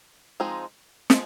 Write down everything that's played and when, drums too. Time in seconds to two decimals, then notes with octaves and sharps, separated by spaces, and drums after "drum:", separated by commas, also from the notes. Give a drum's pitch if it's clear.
0.40 F3 G#3 C4 D#4
1.10 F3 G#3, drum: snare